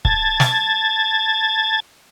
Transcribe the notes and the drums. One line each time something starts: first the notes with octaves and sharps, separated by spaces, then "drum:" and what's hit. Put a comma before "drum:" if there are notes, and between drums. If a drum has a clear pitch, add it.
A5 G#6 A6, drum: kick
drum: snare